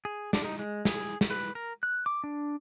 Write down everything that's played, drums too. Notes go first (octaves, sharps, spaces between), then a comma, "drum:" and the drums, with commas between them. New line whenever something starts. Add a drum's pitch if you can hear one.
G#4
D4, drum: snare
D#4
G#3
G#4, drum: snare
drum: snare
B4
A#4
F#6
D6
D4